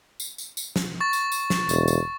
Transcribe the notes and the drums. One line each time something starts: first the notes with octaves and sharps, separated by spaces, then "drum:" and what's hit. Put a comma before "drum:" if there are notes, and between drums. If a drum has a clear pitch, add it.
drum: tambourine
drum: tambourine
drum: tambourine
drum: snare
C#6 A6
drum: tambourine
drum: tambourine
drum: snare
E1, drum: tambourine
drum: tambourine